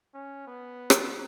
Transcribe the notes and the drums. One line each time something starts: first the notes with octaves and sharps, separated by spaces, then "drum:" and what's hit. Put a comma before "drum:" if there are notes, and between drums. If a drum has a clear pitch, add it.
C#4
B3
drum: rim click